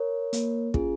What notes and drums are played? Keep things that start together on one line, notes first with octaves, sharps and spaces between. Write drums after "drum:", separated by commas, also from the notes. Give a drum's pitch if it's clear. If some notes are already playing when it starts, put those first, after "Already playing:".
Already playing: A#4 C#5
A#3, drum: hi-hat
C#4 F4 G#4, drum: kick